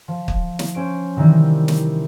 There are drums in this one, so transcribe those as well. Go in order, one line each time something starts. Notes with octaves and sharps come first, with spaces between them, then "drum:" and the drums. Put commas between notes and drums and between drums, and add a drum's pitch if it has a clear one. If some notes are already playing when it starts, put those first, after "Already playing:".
F3
drum: kick
drum: snare
C#4 C5 D7
C3 D#3 E3 G3
drum: snare